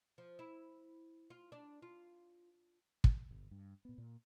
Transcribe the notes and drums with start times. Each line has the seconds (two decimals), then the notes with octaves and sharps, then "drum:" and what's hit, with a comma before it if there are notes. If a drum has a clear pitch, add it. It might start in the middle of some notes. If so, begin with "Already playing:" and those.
0.18 F3
0.39 E4
1.30 F4
1.52 D4
1.82 F4
3.04 drum: kick
3.31 G1
3.51 G2
3.85 A#2 B3
3.98 A#2